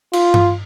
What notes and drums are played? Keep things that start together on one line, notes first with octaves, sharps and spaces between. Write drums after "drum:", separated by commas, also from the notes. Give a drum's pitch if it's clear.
F4, drum: cymbal
drum: tom G2